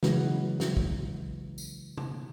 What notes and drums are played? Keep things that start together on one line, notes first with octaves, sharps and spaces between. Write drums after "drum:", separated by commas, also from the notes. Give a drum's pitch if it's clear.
C#3 E3 F#3 G#3 F#4 B4, drum: snare
drum: snare
drum: kick
drum: tambourine
drum: tom C3